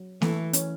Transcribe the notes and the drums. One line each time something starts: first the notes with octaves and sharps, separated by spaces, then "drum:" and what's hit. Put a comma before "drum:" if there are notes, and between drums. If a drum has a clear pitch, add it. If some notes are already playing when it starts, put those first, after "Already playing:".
Already playing: F#3
E3 A3, drum: snare A#3
C#4, drum: hi-hat